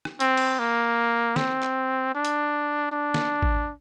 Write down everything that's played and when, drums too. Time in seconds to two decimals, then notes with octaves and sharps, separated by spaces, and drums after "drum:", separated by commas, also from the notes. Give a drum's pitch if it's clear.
0.05 drum: rim click
0.20 C4, drum: hi-hat
0.37 drum: cymbal
0.59 A#3
1.36 C4, drum: snare
1.62 drum: clap
2.15 D4
2.25 drum: hi-hat
2.92 D4
3.14 drum: snare
3.42 drum: kick G#1